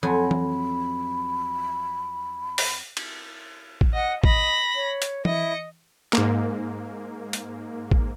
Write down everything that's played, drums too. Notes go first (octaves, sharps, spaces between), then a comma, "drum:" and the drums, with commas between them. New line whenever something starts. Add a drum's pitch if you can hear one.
F2 F#3 G#5 B5
drum: tom E3
drum: open hi-hat
drum: cymbal
drum: kick
D#5 F#5
D#5 B5 A#6, drum: kick
C#5
drum: hi-hat
E4 D#5 C#7, drum: tom E3
G#2 A#3, drum: clap
drum: hi-hat
drum: kick